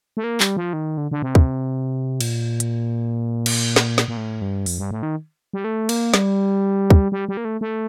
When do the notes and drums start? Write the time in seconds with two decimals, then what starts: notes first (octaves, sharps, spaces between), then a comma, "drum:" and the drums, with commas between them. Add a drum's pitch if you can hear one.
0.17 A3
0.24 A#3
0.40 G3, drum: clap
0.57 F3
0.73 D#3
0.98 D3
1.11 D3
1.22 C3
1.35 drum: kick
2.21 A#2, drum: cymbal
2.60 drum: hi-hat
3.46 drum: cymbal
3.76 drum: snare
3.98 drum: snare
4.08 A#2
4.17 A2
4.42 G2
4.66 F2, drum: open hi-hat
4.78 G2
4.91 A2
5.03 D#3
5.53 G3
5.64 A3
5.89 A#3, drum: cymbal
6.14 G3, drum: snare
6.90 drum: kick
7.12 G3
7.29 G3
7.37 A#3
7.45 A3
7.61 A3